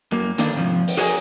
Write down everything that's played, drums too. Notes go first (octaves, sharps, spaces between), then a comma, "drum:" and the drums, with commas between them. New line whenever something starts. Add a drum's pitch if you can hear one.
F#2 A#3
D3 D#3 A#3 D4, drum: hi-hat
G#2 C3 F3
drum: open hi-hat
F#4 G#4 A#4 C#5 E5 G#5